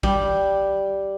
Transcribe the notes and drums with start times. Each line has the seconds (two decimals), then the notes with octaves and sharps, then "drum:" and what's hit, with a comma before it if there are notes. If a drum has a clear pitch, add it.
0.03 G3, drum: kick